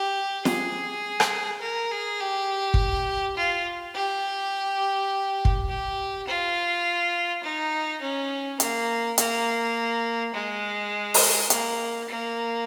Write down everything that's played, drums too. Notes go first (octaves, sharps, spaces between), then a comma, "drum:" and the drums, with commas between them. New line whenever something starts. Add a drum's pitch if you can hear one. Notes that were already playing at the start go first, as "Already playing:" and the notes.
Already playing: G4
G#4, drum: snare
drum: rim click
A#4
G#4
G4
drum: kick
F4
G4
drum: kick
G4
F4
D#4
C#4
A#3, drum: hi-hat
A#3, drum: hi-hat
G#3
drum: open hi-hat
A#3, drum: hi-hat
A#3